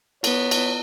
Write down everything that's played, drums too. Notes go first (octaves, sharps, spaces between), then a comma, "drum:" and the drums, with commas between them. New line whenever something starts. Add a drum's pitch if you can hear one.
B3 C#5, drum: cymbal
drum: cymbal